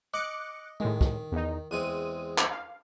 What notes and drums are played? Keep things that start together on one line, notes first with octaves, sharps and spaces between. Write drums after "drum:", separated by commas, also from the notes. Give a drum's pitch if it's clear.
D#5 D6 F#6 C#7
A2 D#3 G#3
drum: kick
E2 D#4
E2 G#3 C4 D#7
drum: clap
F5